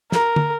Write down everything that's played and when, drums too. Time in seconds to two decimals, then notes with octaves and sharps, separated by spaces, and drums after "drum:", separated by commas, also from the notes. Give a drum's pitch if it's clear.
0.12 A#4, drum: snare
0.36 drum: tom D3